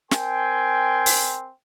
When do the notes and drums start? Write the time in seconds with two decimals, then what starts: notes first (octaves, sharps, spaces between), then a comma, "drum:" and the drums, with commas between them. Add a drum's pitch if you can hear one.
0.11 C4 A#4 G5 G#5 C6, drum: snare
1.06 drum: open hi-hat